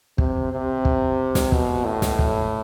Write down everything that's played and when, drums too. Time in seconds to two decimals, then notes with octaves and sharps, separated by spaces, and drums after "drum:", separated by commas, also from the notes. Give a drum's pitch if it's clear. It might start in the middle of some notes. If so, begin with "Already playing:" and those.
0.18 C3, drum: kick
0.52 C3
0.85 drum: kick
1.35 drum: snare
1.52 B2, drum: kick
1.85 A2
2.02 drum: snare
2.19 drum: kick